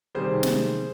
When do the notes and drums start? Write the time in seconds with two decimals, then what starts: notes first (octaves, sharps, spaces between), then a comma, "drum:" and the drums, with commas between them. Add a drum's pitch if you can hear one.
0.15 C3 D#3 G3 G#4 C5
0.43 drum: snare